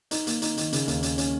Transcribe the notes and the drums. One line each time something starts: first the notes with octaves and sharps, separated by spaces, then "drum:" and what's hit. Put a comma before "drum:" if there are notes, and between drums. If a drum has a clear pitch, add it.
D#4, drum: hi-hat
A#3, drum: hi-hat
D#4, drum: hi-hat
D#3, drum: hi-hat
C#3, drum: hi-hat
D#2, drum: hi-hat
C#4, drum: hi-hat
C#4, drum: hi-hat